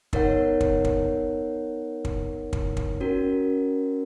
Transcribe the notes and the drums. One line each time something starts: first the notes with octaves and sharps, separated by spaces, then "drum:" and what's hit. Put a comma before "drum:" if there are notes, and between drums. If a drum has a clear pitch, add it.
B3 D#4 A#4 C#5 F#5, drum: kick
drum: kick
drum: kick
drum: kick
drum: kick
drum: kick
C#4 F#4 A#4